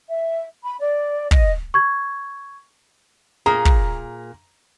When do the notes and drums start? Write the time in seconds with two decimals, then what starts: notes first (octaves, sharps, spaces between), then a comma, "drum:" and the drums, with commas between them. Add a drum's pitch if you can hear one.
0.10 E5
0.63 B5
0.80 D5
1.31 D#5, drum: kick
1.74 C#6 G#6
3.46 A#2 A#3 G#4 A#5
3.65 drum: kick